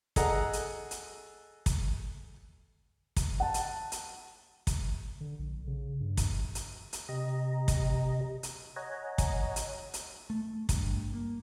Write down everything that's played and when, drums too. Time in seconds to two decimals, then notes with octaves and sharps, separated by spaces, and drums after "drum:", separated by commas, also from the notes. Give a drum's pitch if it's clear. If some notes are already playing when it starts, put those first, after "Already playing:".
0.16 G#4 A4 D#5 F#5 A#5, drum: kick, hi-hat
0.53 drum: hi-hat
0.91 drum: hi-hat
1.66 drum: kick, hi-hat
3.16 drum: kick, hi-hat
3.40 F#5 A5
3.54 drum: hi-hat
3.92 drum: hi-hat
4.67 drum: kick, hi-hat
5.21 D3
5.39 A#1
5.67 C#3
6.01 G2
6.17 drum: kick, hi-hat
6.55 drum: hi-hat
6.93 drum: hi-hat
7.09 C3 G4 D#5 A#5
7.68 drum: kick, hi-hat
8.43 drum: hi-hat
8.76 C#5 D#5 F#5 G#5 A#5
9.18 drum: kick, hi-hat
9.56 drum: hi-hat
9.94 drum: hi-hat
10.30 A3
10.69 G2, drum: kick, hi-hat
11.14 A#3